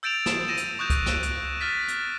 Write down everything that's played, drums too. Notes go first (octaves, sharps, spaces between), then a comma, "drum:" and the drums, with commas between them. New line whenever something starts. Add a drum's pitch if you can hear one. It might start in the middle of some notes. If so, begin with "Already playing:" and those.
E6 G6 A6 D7 E7 F7
D#6 E7, drum: snare
E6 A#6 D#7 E7
drum: hi-hat
C#6 D#6 F#6 G6 E7
drum: kick C#2, hi-hat
D7 E7, drum: snare
drum: hi-hat
F6 A6 B6
drum: hi-hat